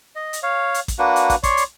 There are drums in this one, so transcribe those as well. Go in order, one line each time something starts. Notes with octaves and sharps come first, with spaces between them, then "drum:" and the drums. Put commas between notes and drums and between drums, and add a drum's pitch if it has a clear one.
D#5
drum: hi-hat
C#5 F5
drum: hi-hat
drum: kick, hi-hat
A#3 D4 F#4 B4
drum: hi-hat
drum: kick, hi-hat
C#5 D5 C6 C#6, drum: kick, hi-hat
drum: hi-hat